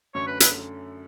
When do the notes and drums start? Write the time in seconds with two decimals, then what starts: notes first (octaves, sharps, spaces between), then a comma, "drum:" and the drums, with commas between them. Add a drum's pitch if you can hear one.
0.15 F#2 D3 A3 C#4 C#5
0.27 B4
0.40 B4, drum: hi-hat